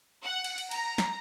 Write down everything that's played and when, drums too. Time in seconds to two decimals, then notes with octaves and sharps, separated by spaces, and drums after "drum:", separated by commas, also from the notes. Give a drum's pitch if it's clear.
0.22 F#5
0.44 drum: cymbal
0.58 drum: cymbal
0.71 A#5, drum: cymbal
0.98 drum: snare